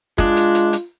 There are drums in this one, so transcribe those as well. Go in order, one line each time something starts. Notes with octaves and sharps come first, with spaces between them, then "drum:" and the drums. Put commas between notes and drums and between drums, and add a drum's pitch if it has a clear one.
G#3 D4 F4, drum: kick
drum: hi-hat
drum: hi-hat
drum: hi-hat